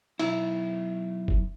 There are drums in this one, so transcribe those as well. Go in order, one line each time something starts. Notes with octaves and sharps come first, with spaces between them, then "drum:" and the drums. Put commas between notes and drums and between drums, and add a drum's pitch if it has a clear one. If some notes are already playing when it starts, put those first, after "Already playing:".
B1 E4, drum: cymbal
drum: kick F1